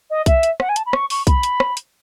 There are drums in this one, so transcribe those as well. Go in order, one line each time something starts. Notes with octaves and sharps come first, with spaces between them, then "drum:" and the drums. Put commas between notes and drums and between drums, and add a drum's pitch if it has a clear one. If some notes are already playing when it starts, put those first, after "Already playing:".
D#5
E5, drum: kick B1, hi-hat
drum: hi-hat
F#5, drum: rim click
G#5
A5, drum: hi-hat
B5
C#6, drum: rim click
C#6, drum: open hi-hat
B5, drum: kick B1, hi-hat
drum: hi-hat
drum: rim click
drum: hi-hat